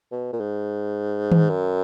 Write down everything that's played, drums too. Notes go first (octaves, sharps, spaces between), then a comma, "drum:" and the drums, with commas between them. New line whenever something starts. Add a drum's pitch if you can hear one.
B2
A#2
G#2
drum: tom D#3
F#2